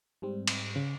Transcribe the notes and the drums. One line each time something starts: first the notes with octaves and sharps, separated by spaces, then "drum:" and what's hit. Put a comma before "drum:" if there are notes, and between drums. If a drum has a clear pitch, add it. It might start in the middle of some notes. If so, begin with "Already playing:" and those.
G#2 G3 C4
drum: cymbal
C#3